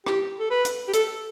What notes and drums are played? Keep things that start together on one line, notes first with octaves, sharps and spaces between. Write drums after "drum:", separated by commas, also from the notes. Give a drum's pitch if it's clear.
G4, drum: rim click
A4
B4
drum: hi-hat
G4
A4, drum: hi-hat